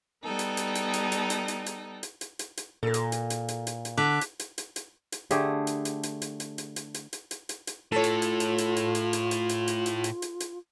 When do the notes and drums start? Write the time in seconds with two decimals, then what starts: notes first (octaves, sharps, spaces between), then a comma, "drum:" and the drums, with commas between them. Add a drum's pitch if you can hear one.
0.23 G3 B3 D#4 A4
0.39 drum: hi-hat
0.57 drum: hi-hat
0.75 drum: hi-hat
0.94 drum: hi-hat
1.12 drum: hi-hat
1.30 drum: hi-hat
1.48 drum: hi-hat
1.66 drum: hi-hat
2.03 drum: hi-hat
2.21 drum: hi-hat
2.39 drum: hi-hat
2.57 drum: hi-hat
2.83 A#2 A4 A#4
2.94 drum: hi-hat
3.12 drum: hi-hat
3.30 drum: hi-hat
3.48 drum: hi-hat
3.67 drum: hi-hat
3.85 drum: hi-hat
3.98 D3 D6 F#6 B6
4.21 drum: hi-hat
4.39 drum: hi-hat
4.58 drum: hi-hat
4.76 drum: hi-hat
5.12 drum: hi-hat
5.31 D3 A3 G4 G#4, drum: hi-hat
5.67 drum: hi-hat
5.85 drum: hi-hat
6.03 drum: hi-hat
6.22 drum: hi-hat
6.40 drum: hi-hat
6.58 drum: hi-hat
6.76 drum: hi-hat
6.94 drum: hi-hat
7.13 drum: hi-hat
7.31 drum: hi-hat
7.49 drum: hi-hat
7.67 drum: hi-hat
7.92 A2 F4 A4 C#5
8.04 drum: hi-hat
8.22 drum: hi-hat
8.40 drum: hi-hat
8.58 drum: hi-hat
8.77 drum: hi-hat
8.95 drum: hi-hat
9.13 drum: hi-hat
9.31 drum: hi-hat
9.49 drum: hi-hat
9.68 drum: hi-hat
9.86 drum: hi-hat
10.04 drum: hi-hat
10.22 drum: hi-hat
10.40 drum: hi-hat